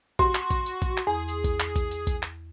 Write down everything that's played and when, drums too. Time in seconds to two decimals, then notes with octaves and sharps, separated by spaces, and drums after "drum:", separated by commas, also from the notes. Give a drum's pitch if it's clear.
0.19 F#4 C6, drum: kick A#1, hi-hat
0.35 drum: clap
0.51 drum: kick A#1, hi-hat
0.66 drum: hi-hat
0.82 drum: kick A#1, hi-hat
0.97 drum: clap
1.07 E2 G#4
1.29 drum: hi-hat
1.44 drum: kick A#1, hi-hat
1.60 drum: clap
1.76 drum: kick A#1, hi-hat
1.91 drum: hi-hat
2.07 drum: kick A#1, hi-hat
2.23 drum: clap